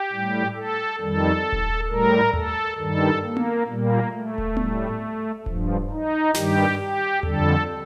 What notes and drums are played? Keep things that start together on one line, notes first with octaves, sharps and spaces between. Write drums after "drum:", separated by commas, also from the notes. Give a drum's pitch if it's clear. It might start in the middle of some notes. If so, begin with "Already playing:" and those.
Already playing: G4
A2 G3
A4
F2 D#3 G3 A4
drum: kick D#1
A2 G3 A#4
A4, drum: tom D#2
G2 D#3 G3 A4
A#3
drum: tom B3
A#2 G3 A#3
A3
drum: kick D#1
A2 G3, drum: tom B3
G2 F3, drum: kick D#1
D#4
G2 D#3 G3 G4, drum: snare
G4
F2 D3 G3 A4, drum: tom D#2